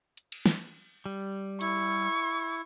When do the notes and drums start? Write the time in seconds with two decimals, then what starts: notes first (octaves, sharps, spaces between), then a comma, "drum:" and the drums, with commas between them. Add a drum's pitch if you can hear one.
0.17 drum: hi-hat
0.32 drum: cymbal
0.46 drum: snare
1.06 G3
1.61 E4 C#6, drum: hi-hat